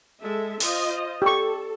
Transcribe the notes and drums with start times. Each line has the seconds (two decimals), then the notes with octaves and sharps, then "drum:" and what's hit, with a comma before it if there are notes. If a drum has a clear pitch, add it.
0.21 G#3 A4 E5
0.60 F4 C5 D#5, drum: open hi-hat
1.22 G4 A4 C#6